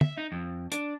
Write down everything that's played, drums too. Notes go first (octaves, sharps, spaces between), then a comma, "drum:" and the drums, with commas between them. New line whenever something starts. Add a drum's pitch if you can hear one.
E5, drum: tom
D#4
F2
D4, drum: hi-hat